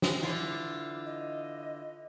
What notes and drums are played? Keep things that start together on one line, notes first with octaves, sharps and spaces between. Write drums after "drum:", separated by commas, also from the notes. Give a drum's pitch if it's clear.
drum: snare
D3 E3 F4
D#5